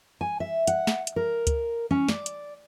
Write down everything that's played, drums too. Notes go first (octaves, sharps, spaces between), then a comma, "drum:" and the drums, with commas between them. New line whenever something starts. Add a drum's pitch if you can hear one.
G#5
E5
F#5, drum: hi-hat
drum: snare
drum: hi-hat
A#4
drum: kick C#2, hi-hat
C#4
D5, drum: snare
drum: hi-hat